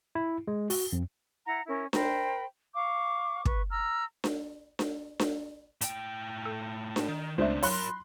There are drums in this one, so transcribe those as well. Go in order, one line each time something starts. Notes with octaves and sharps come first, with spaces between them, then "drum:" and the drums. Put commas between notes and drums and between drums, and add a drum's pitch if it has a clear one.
E4
G#3
F#4, drum: open hi-hat
F2
E4 F#5 A#5
C#4 E4 A#4
A#4 C5 G5 B5, drum: snare D4
F5 C#6 D6
B4 C#6, drum: kick
A#5 E6 F6
drum: snare D4
drum: snare D4
drum: snare D4
A2 G5, drum: hi-hat
A4
drum: snare D4
D#3
C#2 C#3 A3 C4 D4 C5
F#3 F#4 A#4 B5 C6 F#6, drum: open hi-hat